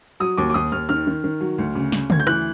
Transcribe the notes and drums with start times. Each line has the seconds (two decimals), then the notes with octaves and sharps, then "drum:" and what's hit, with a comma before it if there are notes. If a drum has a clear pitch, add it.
0.20 F#3 D#6
0.38 D#2 D6
0.50 D6
0.54 D#2 D#6
0.72 D#2 F6
0.89 D#3 F6
1.07 D#3
1.24 D#3
1.41 F#3
1.58 D2
1.75 C#3
1.92 C#3, drum: snare
2.10 D2 G#6, drum: tom
2.20 G6
2.27 E3 F#6, drum: rim click